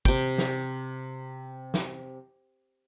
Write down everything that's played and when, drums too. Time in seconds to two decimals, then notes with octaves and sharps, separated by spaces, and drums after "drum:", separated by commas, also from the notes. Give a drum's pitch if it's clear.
0.05 C3 G5, drum: kick
0.38 drum: snare
1.74 drum: snare